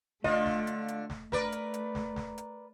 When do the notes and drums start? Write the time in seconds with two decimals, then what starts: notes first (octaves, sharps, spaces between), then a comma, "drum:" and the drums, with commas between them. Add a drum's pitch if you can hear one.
0.24 D3 A3 F4 D#5, drum: snare
0.46 drum: snare
0.67 drum: hi-hat
0.88 drum: hi-hat
1.10 drum: snare
1.32 A3 A#4 B4 D5, drum: snare
1.52 drum: hi-hat
1.74 drum: hi-hat
1.95 drum: snare
2.16 drum: snare
2.38 drum: hi-hat